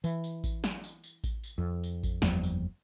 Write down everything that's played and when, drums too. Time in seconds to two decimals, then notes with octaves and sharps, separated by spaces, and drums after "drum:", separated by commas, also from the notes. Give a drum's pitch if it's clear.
0.04 E3, drum: tambourine
0.24 drum: tambourine
0.44 drum: kick A1, tambourine
0.64 drum: snare
0.84 drum: tambourine
1.04 drum: tambourine
1.24 drum: kick A1, tambourine
1.44 drum: tambourine
1.58 F2
1.84 drum: tambourine
2.04 drum: kick A1, tambourine
2.22 F#1 E2 F3 G3, drum: snare
2.43 drum: tambourine